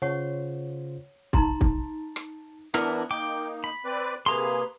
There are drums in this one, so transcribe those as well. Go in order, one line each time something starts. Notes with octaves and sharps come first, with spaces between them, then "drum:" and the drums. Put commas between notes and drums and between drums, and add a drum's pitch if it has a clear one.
C#3 F4 C5 C#5 F#5 C#6
D#4 A5 A#5 C6, drum: kick
drum: kick
drum: rim click
E3 B3 D4 E4 A#4, drum: rim click
A#3 D#4 G5 D6
B5
C4 B4 D5
C3 A#3 G#4 B4 A#5 C6